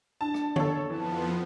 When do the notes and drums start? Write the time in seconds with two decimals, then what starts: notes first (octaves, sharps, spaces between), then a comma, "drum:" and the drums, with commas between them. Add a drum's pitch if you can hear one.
0.21 D4 A5
0.34 drum: rim click
0.56 A4 C#5, drum: tom D3
0.90 F2 E3 F3 B3 A5